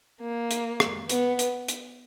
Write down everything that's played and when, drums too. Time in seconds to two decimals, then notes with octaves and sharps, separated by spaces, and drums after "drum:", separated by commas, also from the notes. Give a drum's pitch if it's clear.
0.21 A#3
0.51 drum: hi-hat
0.80 drum: rim click
1.09 B3, drum: hi-hat
1.39 drum: hi-hat
1.68 drum: hi-hat